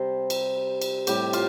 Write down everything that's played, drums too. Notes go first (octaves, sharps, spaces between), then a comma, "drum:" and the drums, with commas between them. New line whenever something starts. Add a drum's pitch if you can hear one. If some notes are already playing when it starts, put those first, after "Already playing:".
Already playing: C3 G3 C4 C5
drum: cymbal
drum: cymbal
A2 G3 C4 G4, drum: cymbal
F4, drum: cymbal